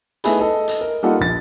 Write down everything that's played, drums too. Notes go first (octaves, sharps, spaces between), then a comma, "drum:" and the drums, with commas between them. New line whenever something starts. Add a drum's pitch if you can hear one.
A3 D#4 E4 G#4 B4, drum: hi-hat
A4 D#5
drum: hi-hat
A#4
G3 A#3 D#4 F4 A4 F#5
A#1 A6